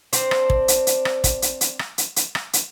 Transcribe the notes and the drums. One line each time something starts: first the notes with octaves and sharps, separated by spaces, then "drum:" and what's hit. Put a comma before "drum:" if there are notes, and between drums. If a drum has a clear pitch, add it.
C4 D4 C5, drum: hi-hat
drum: rim click
drum: kick
drum: hi-hat
drum: hi-hat
drum: rim click
drum: kick, hi-hat
drum: hi-hat
drum: hi-hat
drum: rim click
drum: hi-hat
drum: hi-hat
drum: rim click
drum: hi-hat